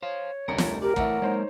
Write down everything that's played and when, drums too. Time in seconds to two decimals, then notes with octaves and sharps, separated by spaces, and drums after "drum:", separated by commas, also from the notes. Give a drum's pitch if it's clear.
0.03 C5 C#5 F5
0.48 F1 D2 G3 A#4 C#7
0.58 drum: snare
0.82 G4 A#4 D5
0.96 E3 A3 C#5 D5 E5 F#5 A#5, drum: kick
1.22 G#3 A#3 D#4 C5 C#5